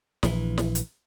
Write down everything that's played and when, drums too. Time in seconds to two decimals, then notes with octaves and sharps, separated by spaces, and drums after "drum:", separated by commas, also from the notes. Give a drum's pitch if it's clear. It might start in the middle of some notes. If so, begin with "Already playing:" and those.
0.23 A#1 E3, drum: snare
0.58 drum: snare
0.75 drum: hi-hat